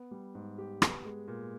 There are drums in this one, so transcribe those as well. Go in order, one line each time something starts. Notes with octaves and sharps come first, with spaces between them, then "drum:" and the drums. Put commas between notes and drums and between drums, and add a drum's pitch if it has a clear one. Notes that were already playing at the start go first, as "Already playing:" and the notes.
Already playing: B3
G3
G#2
G4
B3, drum: rim click
G#3
A#2